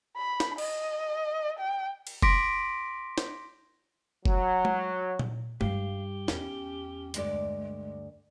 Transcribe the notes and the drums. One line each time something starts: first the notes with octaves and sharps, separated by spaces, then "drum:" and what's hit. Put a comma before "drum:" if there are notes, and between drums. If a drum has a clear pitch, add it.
B5
drum: snare
D#5, drum: cymbal
G5
drum: cymbal
C6 D6 A#6 B6 D7, drum: kick
drum: snare
F#3, drum: kick
drum: tom G#3
drum: tom A#2
G2 G3 G4 F5, drum: tom G#3
E2 C#4, drum: snare
D2 G2 G#3 D5, drum: hi-hat